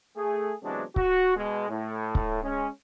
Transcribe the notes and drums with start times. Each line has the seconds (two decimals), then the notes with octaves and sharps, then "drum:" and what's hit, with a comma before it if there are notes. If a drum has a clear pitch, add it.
0.17 A3 G#4
0.64 C3 E3 F#3 G#3 B3 D4
0.96 F#4, drum: kick C#1
1.36 B2 G#3
1.69 A2
2.15 drum: kick C#1
2.42 G#3 C#4